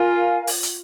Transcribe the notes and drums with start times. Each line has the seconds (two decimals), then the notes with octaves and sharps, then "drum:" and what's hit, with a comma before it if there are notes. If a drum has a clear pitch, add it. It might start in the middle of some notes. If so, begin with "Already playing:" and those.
Already playing: F4 A#4 F5 G#5
0.47 drum: open hi-hat
0.63 drum: hi-hat